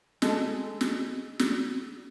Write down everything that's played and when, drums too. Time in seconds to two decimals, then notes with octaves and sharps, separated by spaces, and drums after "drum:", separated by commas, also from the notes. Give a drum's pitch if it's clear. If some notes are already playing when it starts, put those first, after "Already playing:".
0.22 G#3 A4, drum: snare
0.81 drum: snare
1.39 drum: snare